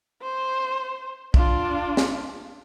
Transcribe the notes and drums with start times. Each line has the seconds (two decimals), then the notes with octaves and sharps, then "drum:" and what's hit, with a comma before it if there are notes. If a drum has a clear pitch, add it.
0.22 C5
1.34 D4 F4, drum: kick
1.97 drum: snare